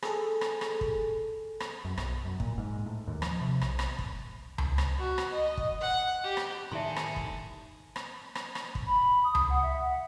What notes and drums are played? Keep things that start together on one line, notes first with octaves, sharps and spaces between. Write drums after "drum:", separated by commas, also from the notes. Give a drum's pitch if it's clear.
G#4 A4, drum: rim click
drum: rim click
drum: rim click
drum: kick
drum: rim click
F#2
B1, drum: rim click
F#2
A#2, drum: kick
G#2
A2
D#2
F3, drum: rim click
C3
B1, drum: rim click
drum: rim click
drum: kick
drum: tom C#2
drum: rim click
F#4
drum: rim click
D#5
drum: kick
F#5
G4
drum: rim click
A2 D#3 G#4 A4 E5 C6
drum: rim click
drum: kick
drum: rim click
drum: rim click
drum: rim click
drum: kick
B5
D#6
drum: tom C#2
F#5
E5
F#5